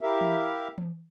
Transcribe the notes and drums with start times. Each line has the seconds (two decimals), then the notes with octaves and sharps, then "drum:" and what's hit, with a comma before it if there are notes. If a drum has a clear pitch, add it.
0.01 E4 G4 A#4 E5 F5
0.21 drum: tom E3
0.78 drum: tom E3